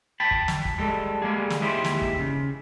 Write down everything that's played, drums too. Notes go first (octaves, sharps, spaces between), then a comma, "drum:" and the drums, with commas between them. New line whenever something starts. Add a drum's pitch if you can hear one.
G5 A5 B5
drum: kick
drum: snare
drum: kick
G3 G#3 A4
G3 G#3 A#3 G#4
drum: snare
D#2 G#3 E4 G4 C5 B5
drum: snare
drum: kick
C#3